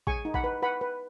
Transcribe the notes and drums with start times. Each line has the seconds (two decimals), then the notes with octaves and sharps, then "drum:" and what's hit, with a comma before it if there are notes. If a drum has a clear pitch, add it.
0.07 G#4 G#5 C#6, drum: kick
0.25 D#4
0.34 F#5 B5, drum: kick
0.44 B4
0.62 B4 F#5 B5
0.81 B4